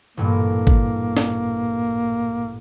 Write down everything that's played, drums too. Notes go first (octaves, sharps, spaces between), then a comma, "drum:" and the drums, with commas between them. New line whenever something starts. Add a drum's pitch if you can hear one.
A1 G2 A#2 A#3
drum: kick G#1
drum: snare